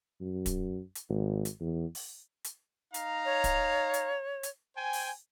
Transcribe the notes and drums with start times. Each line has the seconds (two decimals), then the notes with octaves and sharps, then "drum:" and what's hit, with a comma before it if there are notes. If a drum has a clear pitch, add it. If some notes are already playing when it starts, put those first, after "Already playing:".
0.21 F#2
0.46 drum: kick, hi-hat
0.95 drum: hi-hat
1.09 G#1
1.45 drum: hi-hat
1.60 E2
1.95 drum: open hi-hat
2.44 drum: hi-hat
2.94 D#4 F5 A#5, drum: hi-hat
3.25 C#5
3.44 drum: kick, hi-hat
3.94 drum: hi-hat
4.43 drum: hi-hat
4.76 C5 G5 G#5
4.93 drum: open hi-hat